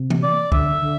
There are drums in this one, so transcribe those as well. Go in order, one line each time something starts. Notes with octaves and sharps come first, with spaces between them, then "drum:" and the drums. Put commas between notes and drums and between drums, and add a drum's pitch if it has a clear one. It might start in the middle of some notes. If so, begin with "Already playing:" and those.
Already playing: C3
drum: tom E3
D5
D3 E5, drum: kick
D3